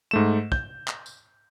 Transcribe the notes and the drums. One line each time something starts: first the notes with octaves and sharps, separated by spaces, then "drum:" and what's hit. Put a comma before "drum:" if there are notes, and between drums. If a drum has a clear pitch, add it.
G#2 A3 E7
G6, drum: kick
drum: clap
drum: tambourine